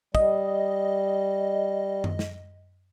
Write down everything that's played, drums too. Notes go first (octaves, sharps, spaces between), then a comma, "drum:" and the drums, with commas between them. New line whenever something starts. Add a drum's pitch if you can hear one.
G3 D#5, drum: kick
drum: tom F#2
drum: snare